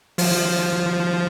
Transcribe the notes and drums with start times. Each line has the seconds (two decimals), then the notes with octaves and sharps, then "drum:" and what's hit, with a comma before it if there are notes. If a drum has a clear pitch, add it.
0.18 F3, drum: open hi-hat